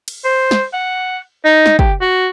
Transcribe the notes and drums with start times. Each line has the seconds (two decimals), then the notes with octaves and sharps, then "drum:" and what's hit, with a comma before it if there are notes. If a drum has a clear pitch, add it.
0.08 drum: cymbal
0.25 C5
0.51 drum: snare
0.73 F#5
1.45 D#4
1.66 drum: snare
1.79 G4, drum: kick
2.01 F#4